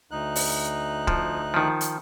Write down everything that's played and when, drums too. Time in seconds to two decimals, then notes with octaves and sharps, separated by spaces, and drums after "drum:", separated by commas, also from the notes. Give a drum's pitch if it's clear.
0.11 D2 D#4 F#6
0.36 drum: open hi-hat
1.07 F3, drum: kick
1.54 D#3 F3
1.81 drum: hi-hat